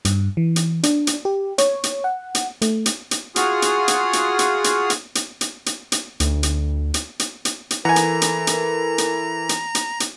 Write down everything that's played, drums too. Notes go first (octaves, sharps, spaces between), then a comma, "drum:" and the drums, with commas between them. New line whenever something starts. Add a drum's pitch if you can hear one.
G2, drum: hi-hat
E3
drum: hi-hat
D4, drum: hi-hat
drum: hi-hat
G4
C#5, drum: hi-hat
drum: hi-hat
F#5
drum: hi-hat
A3, drum: hi-hat
drum: hi-hat
drum: hi-hat
F4 F#4 G#4 D#6 F6, drum: hi-hat
drum: hi-hat
drum: hi-hat
drum: hi-hat
drum: hi-hat
drum: hi-hat
drum: hi-hat
drum: hi-hat
drum: hi-hat
drum: hi-hat
drum: hi-hat
D2, drum: hi-hat
drum: hi-hat
drum: hi-hat
drum: hi-hat
drum: hi-hat
drum: hi-hat
E3 A4 A#4 F#5 G#5 A#5
drum: hi-hat
drum: hi-hat
drum: hi-hat
drum: hi-hat
drum: hi-hat
drum: hi-hat
drum: hi-hat